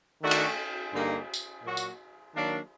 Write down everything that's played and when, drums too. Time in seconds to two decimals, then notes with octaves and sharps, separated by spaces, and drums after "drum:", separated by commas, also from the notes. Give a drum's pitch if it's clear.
0.21 D#3 A3 D4 F#4
0.31 drum: cymbal
0.92 G2 D3 G3 A#3 D#4
1.34 drum: tambourine
1.63 A#2 F#3 A#3 F#4
1.77 drum: tambourine
2.34 D#3 F#3 A#3 D4